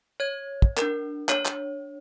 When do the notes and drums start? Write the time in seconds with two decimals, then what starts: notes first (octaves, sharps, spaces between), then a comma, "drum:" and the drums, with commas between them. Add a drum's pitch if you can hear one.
0.20 C#5 G#6
0.62 drum: kick
0.77 D4 A#4, drum: clap
1.29 D4 C#5, drum: clap
1.45 drum: clap